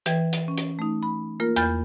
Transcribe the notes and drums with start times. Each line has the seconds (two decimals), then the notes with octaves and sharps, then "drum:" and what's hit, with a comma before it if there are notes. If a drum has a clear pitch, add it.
0.06 E3 B4 G5 G#6, drum: hi-hat
0.33 drum: hi-hat
0.48 C#4
0.58 drum: hi-hat
0.79 A3 D#4
1.03 B5
1.40 A#3 F4 A#4
1.56 E2 B5 F6 G6 A6, drum: hi-hat